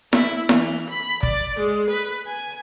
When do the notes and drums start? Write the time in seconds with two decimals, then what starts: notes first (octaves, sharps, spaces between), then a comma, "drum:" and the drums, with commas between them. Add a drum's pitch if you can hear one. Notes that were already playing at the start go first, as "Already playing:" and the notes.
0.13 E4, drum: snare E4
0.49 E3, drum: snare E4
0.89 B5
1.23 D5, drum: kick
1.59 G#3
1.90 B4
2.27 G#5